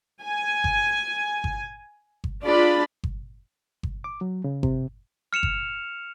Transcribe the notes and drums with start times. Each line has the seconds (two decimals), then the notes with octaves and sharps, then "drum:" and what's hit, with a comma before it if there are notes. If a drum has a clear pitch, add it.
0.23 G#5
0.64 drum: kick G1
1.44 drum: kick G1
2.24 drum: kick G1
2.44 D4 F4 G#4 D5 B5
3.04 drum: kick G1
3.83 drum: kick G1
4.04 D6
4.21 F#3
4.44 C#3
4.63 C3, drum: kick G1
5.33 F6 C#7 E7 F7
5.43 drum: kick G1